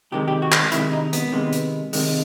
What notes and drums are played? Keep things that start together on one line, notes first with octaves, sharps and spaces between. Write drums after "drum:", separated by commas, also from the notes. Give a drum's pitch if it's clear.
C3 D#3 G#3 G4
G4
F#4
drum: clap
C3 D#3 G#3 E4, drum: hi-hat
D#4
B3, drum: hi-hat
C3 D#3 G#3
drum: hi-hat
C3 D#3 G#3, drum: open hi-hat